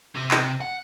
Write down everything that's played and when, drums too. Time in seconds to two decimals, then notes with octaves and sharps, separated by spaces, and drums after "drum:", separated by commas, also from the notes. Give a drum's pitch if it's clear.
0.15 C3
0.31 drum: clap
0.61 F#5